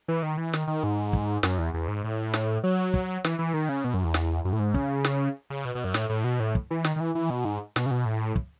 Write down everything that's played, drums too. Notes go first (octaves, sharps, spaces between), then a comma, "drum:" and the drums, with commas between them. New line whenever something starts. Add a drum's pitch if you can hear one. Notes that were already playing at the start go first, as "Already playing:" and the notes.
E3
D#3
E3
D#3, drum: snare
D#3
G#2
drum: kick
F#2, drum: snare
E2
E2
G#2
A2
drum: snare
F#3
drum: kick
E3, drum: snare
E3
D#3
C#3
B2
F#2
E2
drum: snare
F#2
A2
G#2
C#3, drum: kick
drum: snare
C#3
B2
B2
F#2
A2, drum: snare
A2
B2
A2
drum: kick
E3
D#3, drum: snare
D#3
E3
E3
B2
G#2
B2, drum: snare
C#3
B2
A2
drum: kick